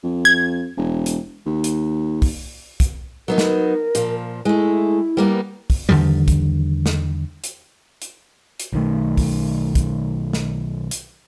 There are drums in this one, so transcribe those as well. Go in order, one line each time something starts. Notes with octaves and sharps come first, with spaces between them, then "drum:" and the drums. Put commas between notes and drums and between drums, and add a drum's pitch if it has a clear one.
F2
G#6
E1
drum: hi-hat
D#2
drum: hi-hat
drum: kick, open hi-hat
drum: kick, hi-hat
F#3 B3 D#4 A#4
drum: snare
A#2 F3, drum: hi-hat
G#3 A3 E4
G3 A#3 B3
drum: kick, open hi-hat
E2 D3 D#3 G3
drum: kick, hi-hat
drum: snare
drum: hi-hat
drum: hi-hat
drum: hi-hat
B1 D#3 A3
drum: kick, open hi-hat
drum: kick, hi-hat
drum: snare
drum: hi-hat